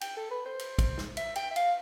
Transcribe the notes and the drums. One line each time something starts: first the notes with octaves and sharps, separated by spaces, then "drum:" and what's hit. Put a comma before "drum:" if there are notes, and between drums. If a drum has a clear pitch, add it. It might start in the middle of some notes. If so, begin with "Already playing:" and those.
G5, drum: cymbal
A4
B4
C5
drum: cymbal
drum: kick, cymbal
drum: snare
E5, drum: cymbal
G5, drum: cymbal
E5
F5, drum: cymbal